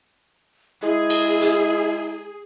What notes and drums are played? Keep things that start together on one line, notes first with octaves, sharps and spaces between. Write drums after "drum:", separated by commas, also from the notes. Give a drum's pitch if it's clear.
G#3 E4 G#4
drum: cymbal
drum: hi-hat